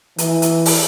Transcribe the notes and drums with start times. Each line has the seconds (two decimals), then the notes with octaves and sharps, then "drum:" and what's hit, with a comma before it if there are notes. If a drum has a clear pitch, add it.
0.18 E3, drum: hi-hat
0.42 drum: hi-hat
0.66 drum: open hi-hat